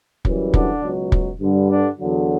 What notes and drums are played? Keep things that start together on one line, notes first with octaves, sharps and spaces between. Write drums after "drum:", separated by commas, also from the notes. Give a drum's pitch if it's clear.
F#2 E3 G3, drum: kick
D3 D4, drum: kick
C#2 B2 F#3
drum: kick
G2 D3 G3
D3 D4
E2 D3 F#3